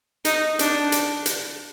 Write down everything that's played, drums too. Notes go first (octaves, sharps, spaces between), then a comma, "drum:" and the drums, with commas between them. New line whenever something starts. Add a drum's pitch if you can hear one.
D#4, drum: hi-hat
D4, drum: hi-hat
drum: hi-hat
drum: hi-hat